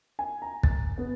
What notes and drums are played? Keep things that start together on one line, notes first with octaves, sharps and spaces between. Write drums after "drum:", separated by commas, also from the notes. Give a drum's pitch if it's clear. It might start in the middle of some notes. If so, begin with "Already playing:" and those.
G#5
A#5
A6, drum: kick
B3